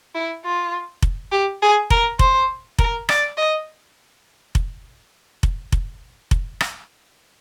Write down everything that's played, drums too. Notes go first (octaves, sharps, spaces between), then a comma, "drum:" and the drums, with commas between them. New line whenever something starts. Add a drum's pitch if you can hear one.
E4
F4
drum: kick F1
G4
G#4
A#4, drum: kick F1
C5, drum: kick F1
A#4, drum: kick F1
D5, drum: rim click
D#5
drum: kick F1
drum: kick F1
drum: kick F1
drum: kick F1
drum: rim click